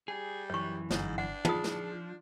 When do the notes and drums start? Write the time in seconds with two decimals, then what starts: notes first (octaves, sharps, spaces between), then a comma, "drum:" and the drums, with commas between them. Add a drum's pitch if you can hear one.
0.08 G3 G#4
0.50 F#2 E3 C#5 C#6
0.90 G1 G#2, drum: snare
1.18 D4 F#5
1.45 F3 D#4 F4 G#4 D#6, drum: tom
1.64 drum: snare